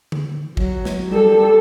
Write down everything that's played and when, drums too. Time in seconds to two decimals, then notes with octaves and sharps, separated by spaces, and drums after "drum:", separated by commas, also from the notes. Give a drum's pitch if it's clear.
0.12 drum: tom D3
0.57 F#3, drum: kick
0.85 drum: snare
1.10 G3 A4